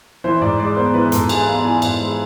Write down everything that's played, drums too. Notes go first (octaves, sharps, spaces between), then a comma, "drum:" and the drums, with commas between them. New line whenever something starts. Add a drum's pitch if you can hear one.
E3 C5
G#2 D5
G#3 D5
B3 C5
E3 B4
G#2 A4, drum: hi-hat
G#3 G#5, drum: cymbal
B3 F5
E3 G#5
G#2, drum: cymbal
G#3